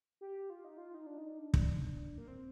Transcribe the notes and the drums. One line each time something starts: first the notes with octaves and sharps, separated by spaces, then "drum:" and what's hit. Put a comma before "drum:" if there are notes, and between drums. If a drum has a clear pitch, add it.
G4
F4
D#4
F4
D#4
D4
D#4
D4
drum: kick
A#3
C4